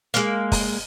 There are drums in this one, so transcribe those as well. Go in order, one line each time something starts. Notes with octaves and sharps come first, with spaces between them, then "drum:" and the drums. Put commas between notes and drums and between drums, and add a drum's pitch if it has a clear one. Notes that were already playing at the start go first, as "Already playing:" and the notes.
G#3 A#3, drum: hi-hat
drum: kick, open hi-hat